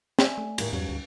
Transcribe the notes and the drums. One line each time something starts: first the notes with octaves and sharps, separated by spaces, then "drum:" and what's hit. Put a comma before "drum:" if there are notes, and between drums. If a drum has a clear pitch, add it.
D5 E5 G#5, drum: snare
A3
D#2 A2 D#3, drum: cymbal
E2 G2 F#3 C#4
D2